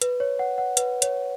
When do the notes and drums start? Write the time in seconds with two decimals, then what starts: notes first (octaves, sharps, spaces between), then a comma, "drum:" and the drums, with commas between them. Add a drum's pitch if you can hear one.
0.02 B4, drum: hi-hat
0.20 C#5
0.39 F#5
0.58 F#5
0.77 B4, drum: hi-hat
1.02 C#5, drum: hi-hat